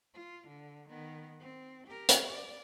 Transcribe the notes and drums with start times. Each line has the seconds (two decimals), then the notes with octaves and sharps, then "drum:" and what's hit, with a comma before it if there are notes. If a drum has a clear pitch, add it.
0.14 F4
0.47 D3
0.89 D#3 B3
1.40 C4
1.87 G4 A#4
2.09 drum: hi-hat
2.26 D5